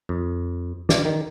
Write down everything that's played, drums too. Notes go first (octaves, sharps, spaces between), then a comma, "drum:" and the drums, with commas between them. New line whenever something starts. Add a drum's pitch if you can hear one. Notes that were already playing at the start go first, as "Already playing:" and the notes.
F2
D5, drum: snare
D#3